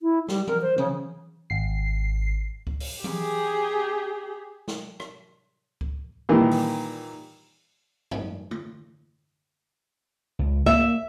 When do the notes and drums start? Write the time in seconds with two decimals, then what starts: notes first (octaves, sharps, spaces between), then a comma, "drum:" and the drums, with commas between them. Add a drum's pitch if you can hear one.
0.01 E4
0.28 G3, drum: snare
0.47 A#4, drum: tom E3
0.62 C5
0.78 C#3, drum: tom E3
1.50 G#1 C7
2.67 drum: kick C#2
2.80 drum: open hi-hat
3.04 G4 G#4, drum: tom E3
4.68 drum: snare
5.00 drum: rim click
5.81 drum: kick C#2
6.29 A#2 D#3 E3 G3
6.51 drum: open hi-hat
8.11 drum: tom
8.51 drum: tom
10.39 C#2
10.66 A#3 E5, drum: kick C#2